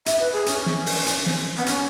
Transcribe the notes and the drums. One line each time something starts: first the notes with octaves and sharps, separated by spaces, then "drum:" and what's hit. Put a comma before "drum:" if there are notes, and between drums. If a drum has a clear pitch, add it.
E5, drum: hi-hat
B4
G#4
C#4, drum: hi-hat
drum: snare
drum: open hi-hat
drum: hi-hat
drum: snare
B3
C#4, drum: hi-hat